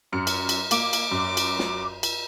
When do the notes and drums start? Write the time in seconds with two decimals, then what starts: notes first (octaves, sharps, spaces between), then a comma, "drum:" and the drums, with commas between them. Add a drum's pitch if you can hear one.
0.12 F#2 F6 C#7
0.27 drum: cymbal
0.49 drum: cymbal
0.71 A#3 D6, drum: cymbal
0.93 drum: cymbal
1.11 F#2
1.37 drum: cymbal
1.59 drum: snare
2.03 drum: cymbal